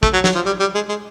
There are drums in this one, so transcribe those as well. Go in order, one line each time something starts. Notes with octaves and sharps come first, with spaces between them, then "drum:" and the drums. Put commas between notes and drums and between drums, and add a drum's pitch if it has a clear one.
A3, drum: kick
F#3
F#3, drum: snare
F3
G3
G3
G#3
G#3